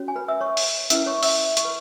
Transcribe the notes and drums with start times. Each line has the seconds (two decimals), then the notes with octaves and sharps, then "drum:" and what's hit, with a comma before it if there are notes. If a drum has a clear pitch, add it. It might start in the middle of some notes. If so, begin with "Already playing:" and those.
Already playing: C#4 F#4 C#5
0.08 G#5
0.16 B4 B5
0.28 E5 E6
0.41 C#5 C#6
0.57 drum: open hi-hat
0.90 C#4 E4 B4 E5 E6, drum: hi-hat
1.06 C#5 C#6
1.18 C#6
1.23 E5 E6, drum: open hi-hat
1.57 C#6, drum: hi-hat
1.64 B4 B5